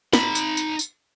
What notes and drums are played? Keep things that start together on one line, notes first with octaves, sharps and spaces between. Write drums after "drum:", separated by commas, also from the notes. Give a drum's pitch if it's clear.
D#4 B5, drum: snare
drum: tambourine
drum: tambourine
drum: tambourine